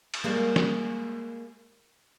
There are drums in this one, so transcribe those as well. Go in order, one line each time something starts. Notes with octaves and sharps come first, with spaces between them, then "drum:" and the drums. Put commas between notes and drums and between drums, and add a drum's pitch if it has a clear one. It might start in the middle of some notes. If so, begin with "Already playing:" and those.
drum: cymbal
G3 G#3 A#3
drum: snare